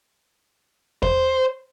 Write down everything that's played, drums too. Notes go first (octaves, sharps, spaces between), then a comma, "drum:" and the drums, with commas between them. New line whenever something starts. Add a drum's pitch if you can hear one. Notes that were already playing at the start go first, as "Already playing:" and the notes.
C5, drum: kick E2